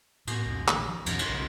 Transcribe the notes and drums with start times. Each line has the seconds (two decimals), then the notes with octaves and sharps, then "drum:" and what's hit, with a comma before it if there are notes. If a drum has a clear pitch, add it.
0.27 A2 B3, drum: cymbal
0.46 C2 F2 A#2
0.68 A#1 D#3 A3 A#3, drum: clap
0.89 F3
1.06 E2 G#2 B2 D#3, drum: cymbal
1.19 drum: cymbal
1.28 B1 C#3